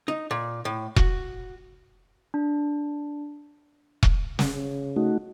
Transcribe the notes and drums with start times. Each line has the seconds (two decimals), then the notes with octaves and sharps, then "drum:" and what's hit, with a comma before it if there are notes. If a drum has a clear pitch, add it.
0.08 D#4
0.31 A#2
0.65 A2
0.96 F#4, drum: kick E1
2.34 D4
4.03 drum: kick E1
4.39 C#3, drum: snare
4.96 A3 D#4 F#4